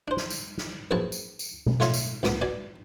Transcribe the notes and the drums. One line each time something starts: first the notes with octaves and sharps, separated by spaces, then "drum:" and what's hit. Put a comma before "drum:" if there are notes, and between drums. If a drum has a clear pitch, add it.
D4 C5
drum: snare
drum: tambourine
drum: snare
A#1 F#2 F3 G#4 B4 A5
drum: tambourine
drum: tambourine
drum: tom B2
A3 F4 C#5 D#5, drum: snare
drum: tambourine
C#2 A#2 B3 D6 D#6, drum: snare
B2 D5 G#5